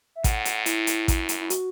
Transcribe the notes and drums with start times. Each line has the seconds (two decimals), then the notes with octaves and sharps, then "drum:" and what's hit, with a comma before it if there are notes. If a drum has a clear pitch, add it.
0.15 E5
0.24 A2 F#5, drum: kick A1, hi-hat
0.45 drum: hi-hat
0.66 E4, drum: hi-hat
0.87 drum: hi-hat
1.08 F#2, drum: kick A1, hi-hat
1.29 drum: hi-hat
1.41 E4
1.50 F#4, drum: hi-hat